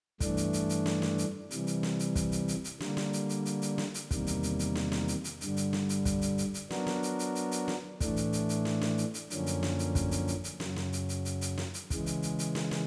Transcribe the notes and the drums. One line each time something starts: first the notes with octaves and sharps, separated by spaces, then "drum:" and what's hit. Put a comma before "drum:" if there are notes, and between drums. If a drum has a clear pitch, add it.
G2 E3 A3 D4, drum: kick, hi-hat
drum: hi-hat
drum: hi-hat
drum: hi-hat
drum: snare
drum: snare
drum: hi-hat
C3 E3 G3, drum: hi-hat
drum: hi-hat
drum: snare
drum: hi-hat
drum: kick, hi-hat
drum: hi-hat
drum: hi-hat
drum: hi-hat
D3 G3 A#3, drum: snare
drum: snare
drum: hi-hat
drum: hi-hat
drum: hi-hat
drum: hi-hat
drum: snare
drum: hi-hat
E2 C3 D#3 G3 A#3, drum: kick, hi-hat
drum: hi-hat
drum: hi-hat
drum: hi-hat
drum: snare
drum: snare
drum: hi-hat
drum: hi-hat
G2 D3 G3, drum: hi-hat
drum: hi-hat
drum: snare
drum: hi-hat
drum: kick, hi-hat
drum: hi-hat
drum: hi-hat
drum: hi-hat
F#3 B3 D4 F#4 A#4, drum: snare
drum: snare
drum: hi-hat
drum: hi-hat
drum: hi-hat
drum: hi-hat
drum: snare
A2 E3 A3 D4, drum: kick, hi-hat
drum: hi-hat
drum: hi-hat
drum: hi-hat
drum: snare
drum: snare
drum: hi-hat
drum: hi-hat
F#2 D3 F3 A#3 C#4, drum: hi-hat
drum: hi-hat
drum: snare
drum: hi-hat
drum: kick, hi-hat
drum: hi-hat
drum: hi-hat
drum: hi-hat
F#2 C#3 F#3, drum: snare
drum: snare
drum: hi-hat
drum: hi-hat
drum: hi-hat
drum: hi-hat
drum: snare
drum: hi-hat
C#3 E3 G#3, drum: kick, hi-hat
drum: hi-hat
drum: hi-hat
drum: hi-hat
drum: snare
drum: snare